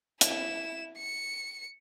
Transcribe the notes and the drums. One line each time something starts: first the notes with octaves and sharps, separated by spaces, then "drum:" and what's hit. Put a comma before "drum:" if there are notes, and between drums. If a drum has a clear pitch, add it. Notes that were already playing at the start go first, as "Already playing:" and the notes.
E4 E7, drum: hi-hat
C#7